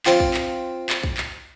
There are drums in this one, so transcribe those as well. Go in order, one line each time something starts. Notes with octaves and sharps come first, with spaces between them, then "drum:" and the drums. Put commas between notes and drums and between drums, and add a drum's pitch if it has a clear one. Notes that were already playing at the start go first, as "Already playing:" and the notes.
C4 F4, drum: clap
drum: kick
drum: clap
drum: clap
drum: kick
drum: clap